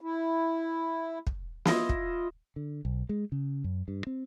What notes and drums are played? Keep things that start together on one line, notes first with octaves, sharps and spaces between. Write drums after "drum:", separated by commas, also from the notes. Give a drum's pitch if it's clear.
E4
drum: kick
E4 F4 D#5, drum: snare
drum: kick
D3
B1
G#3
C#3
F#2
G2
C4